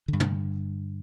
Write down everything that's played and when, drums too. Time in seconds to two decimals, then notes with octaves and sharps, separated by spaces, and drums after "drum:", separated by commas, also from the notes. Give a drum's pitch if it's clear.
0.08 G2 D3
0.20 drum: tom